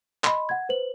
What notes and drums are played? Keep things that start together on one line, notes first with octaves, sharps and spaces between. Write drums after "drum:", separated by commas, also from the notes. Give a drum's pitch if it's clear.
D#5 B5 C6, drum: clap
F#5 G#6
B4 C5 F#7